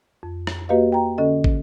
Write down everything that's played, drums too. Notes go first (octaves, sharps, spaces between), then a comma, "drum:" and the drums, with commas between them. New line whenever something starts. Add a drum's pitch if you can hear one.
F2
drum: rim click
A#3 F#4 G4 B4 D#5 F5
G5 A#5
D3 C#4 A4 D#5
drum: kick